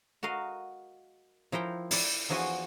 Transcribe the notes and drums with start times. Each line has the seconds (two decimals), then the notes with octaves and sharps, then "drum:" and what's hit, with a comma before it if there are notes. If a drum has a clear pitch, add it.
0.23 F#4 A#4 D#5 F5
1.52 F3 E4 A#4 G5 A#5
1.91 E4 D5, drum: open hi-hat
2.29 E2 F3 E4 F#4 G#5